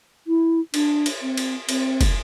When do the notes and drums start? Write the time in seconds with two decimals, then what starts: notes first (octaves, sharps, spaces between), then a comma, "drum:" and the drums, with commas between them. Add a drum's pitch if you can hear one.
0.27 E4
0.74 D4, drum: cymbal
1.06 drum: cymbal
1.22 C4
1.37 drum: cymbal
1.69 C4, drum: cymbal
2.01 drum: kick, cymbal